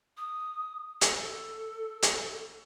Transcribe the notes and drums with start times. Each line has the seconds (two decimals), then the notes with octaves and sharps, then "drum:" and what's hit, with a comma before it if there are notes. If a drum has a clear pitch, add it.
0.17 D#6
1.01 A4, drum: hi-hat
2.02 drum: hi-hat